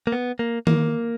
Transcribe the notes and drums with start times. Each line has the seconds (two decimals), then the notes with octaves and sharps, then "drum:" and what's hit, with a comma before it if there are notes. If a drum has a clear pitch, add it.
0.07 A#3
0.12 B3
0.39 A#3
0.67 A#3, drum: tom D#3